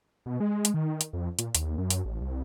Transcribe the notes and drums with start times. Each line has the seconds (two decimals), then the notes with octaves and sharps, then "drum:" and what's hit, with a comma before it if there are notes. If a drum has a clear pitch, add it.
0.26 B2
0.40 G#3
0.65 drum: hi-hat
0.74 D#3
1.01 drum: hi-hat
1.13 F2
1.39 A#2, drum: hi-hat
1.55 D#2, drum: hi-hat
1.78 F#2
1.90 drum: hi-hat
2.05 A1
2.21 C2